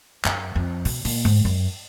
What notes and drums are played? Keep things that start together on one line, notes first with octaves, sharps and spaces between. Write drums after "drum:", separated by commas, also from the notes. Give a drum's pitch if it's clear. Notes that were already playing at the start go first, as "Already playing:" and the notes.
F#2, drum: clap
F2
B2, drum: open hi-hat
A#2, drum: open hi-hat
G#2
F#2